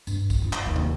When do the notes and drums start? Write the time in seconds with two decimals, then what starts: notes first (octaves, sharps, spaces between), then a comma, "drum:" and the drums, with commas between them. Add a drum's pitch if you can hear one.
0.07 G2, drum: tambourine
0.30 drum: kick, tambourine
0.42 G2 F4
0.53 drum: clap
0.66 D#2 A#3
0.76 drum: tom